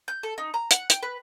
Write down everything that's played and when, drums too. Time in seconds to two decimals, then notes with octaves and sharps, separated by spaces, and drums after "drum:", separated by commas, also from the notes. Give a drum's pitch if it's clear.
0.08 G6
0.23 A4
0.38 D#4
0.54 A#5
0.71 F#5, drum: hi-hat
0.90 G5, drum: hi-hat
1.03 B4